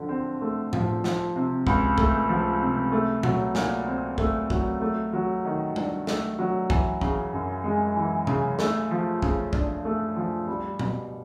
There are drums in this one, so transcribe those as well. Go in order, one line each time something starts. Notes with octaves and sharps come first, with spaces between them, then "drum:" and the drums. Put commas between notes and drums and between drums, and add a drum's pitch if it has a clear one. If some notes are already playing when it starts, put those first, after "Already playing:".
Already playing: D3 F3
C4
A3
F3, drum: tom A2
F3, drum: snare
C3
C#2, drum: kick
A3, drum: kick
F3
C3
A3
F#3, drum: tom A#2
A#2, drum: snare
C4
A3, drum: kick
F#3, drum: kick
A3
F#3
D#3
D4, drum: tom G3
A3, drum: snare
F#3
E3, drum: kick
C#3, drum: kick
F#2
G#3
E3
C#3, drum: tom C3
A3, drum: snare
F3
C#3, drum: kick
D4, drum: kick
A3
F3
G3
B2, drum: tom A#2